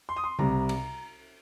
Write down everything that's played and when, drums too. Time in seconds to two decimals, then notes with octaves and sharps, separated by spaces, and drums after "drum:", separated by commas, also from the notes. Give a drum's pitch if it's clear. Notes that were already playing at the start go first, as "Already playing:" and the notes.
0.09 C6
0.16 D#6
0.24 C6
0.39 C2 C3 G3 A#5, drum: tom C#3
0.69 drum: cymbal